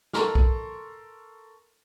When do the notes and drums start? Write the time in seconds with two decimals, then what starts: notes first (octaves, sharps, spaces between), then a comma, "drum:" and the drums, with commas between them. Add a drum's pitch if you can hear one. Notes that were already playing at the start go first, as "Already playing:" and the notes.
0.13 A4 A#4 A#5 C6 C#6 F6, drum: snare
0.35 drum: kick B1